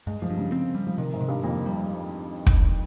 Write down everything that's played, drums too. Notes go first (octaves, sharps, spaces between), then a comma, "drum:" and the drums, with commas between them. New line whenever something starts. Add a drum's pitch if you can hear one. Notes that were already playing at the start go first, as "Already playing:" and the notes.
G2 G#3
F3
G2
C#3
C4
G3
F3
C3 D#3
G#2
C3
G2
F2 A#3
G3
drum: kick